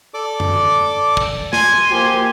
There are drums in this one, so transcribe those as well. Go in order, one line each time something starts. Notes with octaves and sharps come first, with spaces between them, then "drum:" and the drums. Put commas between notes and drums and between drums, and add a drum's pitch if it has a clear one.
A4 D5 D6
drum: tom F#2
drum: kick
G#5 C6, drum: snare
F3 A#3 G4 G#5